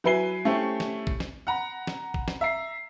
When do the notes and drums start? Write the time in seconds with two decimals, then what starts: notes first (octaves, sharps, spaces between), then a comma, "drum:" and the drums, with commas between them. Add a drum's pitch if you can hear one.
0.04 F#3 E4 B4 G#5 C7 G7
0.45 A3 C#4 E4 G4 C5
0.80 drum: snare
1.07 drum: kick A#1
1.20 drum: snare
1.47 F#5 A#5 B5
1.87 drum: snare
2.14 drum: kick A#1
2.28 drum: snare
2.41 E5 A#5 C7